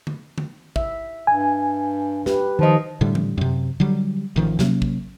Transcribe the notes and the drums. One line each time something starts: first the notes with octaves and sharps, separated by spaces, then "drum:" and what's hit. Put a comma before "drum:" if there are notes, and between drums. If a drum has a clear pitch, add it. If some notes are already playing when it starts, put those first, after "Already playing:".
drum: tom
drum: tom
E5, drum: kick
G2 G#5
G4 B4, drum: snare
D#3 F3 D#5
A2 D3 G3
drum: tom E3
F#2 C3
D3 F#3 G3
A1 D#3 F3
C3 F#3 A#3 C#4, drum: snare
drum: kick